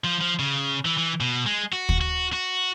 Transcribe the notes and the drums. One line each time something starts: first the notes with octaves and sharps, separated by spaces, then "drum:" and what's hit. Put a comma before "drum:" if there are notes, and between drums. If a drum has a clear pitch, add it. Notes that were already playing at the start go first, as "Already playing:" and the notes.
F3
F3
C#3
E3
E3
B2
G#3
F#4
drum: kick
F#4
F#4